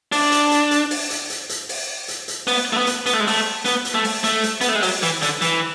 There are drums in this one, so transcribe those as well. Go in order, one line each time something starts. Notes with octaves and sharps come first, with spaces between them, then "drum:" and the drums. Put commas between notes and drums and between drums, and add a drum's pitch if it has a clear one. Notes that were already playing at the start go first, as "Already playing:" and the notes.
D4, drum: open hi-hat
drum: hi-hat
drum: hi-hat
drum: hi-hat
drum: open hi-hat
drum: hi-hat
drum: hi-hat
drum: hi-hat
drum: open hi-hat
drum: hi-hat
drum: hi-hat
B3, drum: open hi-hat
A3
B3
drum: hi-hat
B3, drum: hi-hat
A3
G#3
A3, drum: open hi-hat
B3, drum: hi-hat
drum: hi-hat
A3
drum: open hi-hat
A3, drum: hi-hat
drum: hi-hat
B3, drum: hi-hat
A3
G#3
F#3, drum: open hi-hat
E3, drum: hi-hat
D3, drum: hi-hat
E3, drum: hi-hat